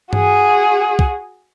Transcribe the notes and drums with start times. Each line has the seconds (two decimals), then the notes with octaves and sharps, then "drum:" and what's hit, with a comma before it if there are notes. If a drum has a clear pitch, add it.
0.13 F#4 G#4, drum: tom G2
0.99 drum: kick